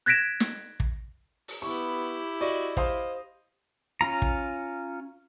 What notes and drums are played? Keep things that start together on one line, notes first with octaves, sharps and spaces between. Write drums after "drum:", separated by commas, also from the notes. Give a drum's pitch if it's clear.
F#6 G#6 A#6 B6 D7 E7
drum: snare
drum: kick
drum: open hi-hat
B3 E4 G4 C#6
F#4 D5 D#5
C5 D#5 F5 C6, drum: kick
C#4 F4 A#5
drum: kick